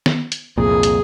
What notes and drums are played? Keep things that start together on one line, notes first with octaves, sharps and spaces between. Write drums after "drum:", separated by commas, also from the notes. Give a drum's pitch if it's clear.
drum: snare
drum: hi-hat
C2 F2 A#2 G#4
drum: hi-hat